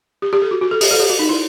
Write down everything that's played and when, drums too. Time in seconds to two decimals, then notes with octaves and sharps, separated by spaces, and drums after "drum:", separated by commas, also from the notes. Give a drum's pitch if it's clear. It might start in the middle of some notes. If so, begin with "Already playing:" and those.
0.22 G4
0.33 G4
0.42 A4
0.51 F#4
0.61 F#4
0.71 A4
0.81 G4, drum: open hi-hat
0.91 A4
1.00 G4
1.10 F#4
1.19 D#4
1.29 E4